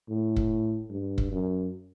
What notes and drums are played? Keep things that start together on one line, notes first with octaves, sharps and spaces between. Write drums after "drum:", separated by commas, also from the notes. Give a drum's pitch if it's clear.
A2
drum: kick
G2
drum: kick
F#2